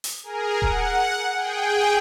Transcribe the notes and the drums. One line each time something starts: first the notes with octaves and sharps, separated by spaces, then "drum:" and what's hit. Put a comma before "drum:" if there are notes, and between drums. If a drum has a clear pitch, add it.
drum: open hi-hat
G#4 A#4
F#5, drum: kick D#1
G#4 G5